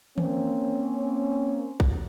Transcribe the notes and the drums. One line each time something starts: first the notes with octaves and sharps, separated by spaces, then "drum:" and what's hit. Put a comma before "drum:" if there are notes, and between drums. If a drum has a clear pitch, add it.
A#3 C4 C#4, drum: tom D#3
drum: kick A#1